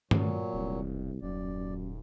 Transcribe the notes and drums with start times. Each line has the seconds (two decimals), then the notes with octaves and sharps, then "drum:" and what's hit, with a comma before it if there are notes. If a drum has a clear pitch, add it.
0.11 A#2 F#3, drum: tom
0.53 E1 C2
1.22 D#1 F#2 D5